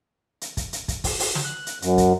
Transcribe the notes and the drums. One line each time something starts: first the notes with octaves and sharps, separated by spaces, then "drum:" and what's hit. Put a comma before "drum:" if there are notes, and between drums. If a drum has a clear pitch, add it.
drum: hi-hat
drum: kick, hi-hat
drum: hi-hat
drum: kick, hi-hat
drum: kick, open hi-hat
drum: open hi-hat
drum: snare
F#6
drum: hi-hat
F#2, drum: hi-hat
drum: kick, hi-hat